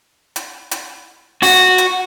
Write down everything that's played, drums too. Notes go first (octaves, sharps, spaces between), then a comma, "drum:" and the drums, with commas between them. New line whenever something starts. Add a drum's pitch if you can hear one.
drum: hi-hat
drum: hi-hat
F#4, drum: open hi-hat
drum: hi-hat